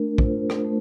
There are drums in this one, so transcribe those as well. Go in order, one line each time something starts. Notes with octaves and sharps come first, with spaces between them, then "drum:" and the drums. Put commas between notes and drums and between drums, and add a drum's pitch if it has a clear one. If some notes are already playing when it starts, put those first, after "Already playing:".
Already playing: A3 D4 A#4
F4 C5, drum: kick
drum: rim click
A3